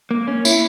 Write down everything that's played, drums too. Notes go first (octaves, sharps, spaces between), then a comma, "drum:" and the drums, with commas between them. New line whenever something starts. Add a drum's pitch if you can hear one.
A#3
C#4
E4, drum: tambourine